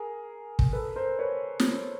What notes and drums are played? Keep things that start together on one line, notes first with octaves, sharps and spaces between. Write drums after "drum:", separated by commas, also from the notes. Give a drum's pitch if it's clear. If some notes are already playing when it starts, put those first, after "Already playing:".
Already playing: G#4 A#4
drum: kick
A4 B4
A#4 C5
B4 C#5
drum: snare